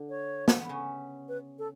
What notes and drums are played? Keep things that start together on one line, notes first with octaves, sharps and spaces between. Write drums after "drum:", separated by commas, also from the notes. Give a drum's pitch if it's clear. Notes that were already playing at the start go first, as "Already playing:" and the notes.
Already playing: D3 D4
C#5
drum: snare
B3
C#3 C#4
B4
A4